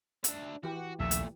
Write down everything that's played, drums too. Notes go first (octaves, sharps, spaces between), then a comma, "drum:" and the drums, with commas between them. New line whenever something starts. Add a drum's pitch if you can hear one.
D4 E5, drum: hi-hat
E3 F#4 G4
A#1 D#2 A#2 A3 E5
drum: hi-hat